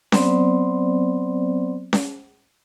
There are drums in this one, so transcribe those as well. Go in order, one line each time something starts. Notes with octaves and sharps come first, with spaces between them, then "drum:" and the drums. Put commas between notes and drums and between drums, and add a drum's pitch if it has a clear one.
F#3 B3 C4 C5 D5, drum: snare C#4
drum: snare C#4